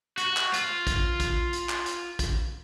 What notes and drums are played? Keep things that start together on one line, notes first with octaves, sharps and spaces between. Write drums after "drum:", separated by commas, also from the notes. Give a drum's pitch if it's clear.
F#4, drum: hi-hat
drum: clap
F4, drum: hi-hat
drum: kick, hi-hat
drum: kick, hi-hat
drum: hi-hat
drum: clap
drum: hi-hat
drum: kick, hi-hat